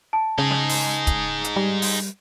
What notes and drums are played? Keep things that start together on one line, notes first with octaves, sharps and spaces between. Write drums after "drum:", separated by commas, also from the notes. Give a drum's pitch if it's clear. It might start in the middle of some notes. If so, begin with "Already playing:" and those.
A5
C#3 D#4 G#4
drum: snare
drum: open hi-hat
drum: kick, hi-hat
drum: hi-hat
G3
drum: open hi-hat